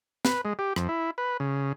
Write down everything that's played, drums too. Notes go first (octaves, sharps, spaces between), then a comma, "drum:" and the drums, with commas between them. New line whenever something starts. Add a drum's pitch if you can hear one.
B4, drum: snare
G#3
G4
F2, drum: rim click
E4
B4
C#3